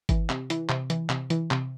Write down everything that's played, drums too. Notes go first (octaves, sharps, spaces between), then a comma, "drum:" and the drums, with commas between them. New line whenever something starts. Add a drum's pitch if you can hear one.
E3, drum: kick G1, hi-hat
C3, drum: clap
E3, drum: hi-hat
C3, drum: clap
E3, drum: hi-hat
C3, drum: clap
E3, drum: hi-hat
C3, drum: clap